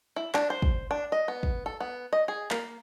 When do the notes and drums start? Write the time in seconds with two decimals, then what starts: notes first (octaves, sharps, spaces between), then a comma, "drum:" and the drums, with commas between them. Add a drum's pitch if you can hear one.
0.16 E4
0.34 D4, drum: clap
0.50 C5
0.62 drum: kick
0.91 D4
1.12 D#5
1.28 B3
1.43 drum: kick
1.66 A4
1.80 B3
2.13 D#5
2.28 G#4
2.51 A#3, drum: clap